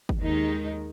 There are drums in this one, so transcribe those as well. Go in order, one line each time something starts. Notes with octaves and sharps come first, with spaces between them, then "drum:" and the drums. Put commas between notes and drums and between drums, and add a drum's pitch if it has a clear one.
drum: kick
D#2 D#3 G#3 D#4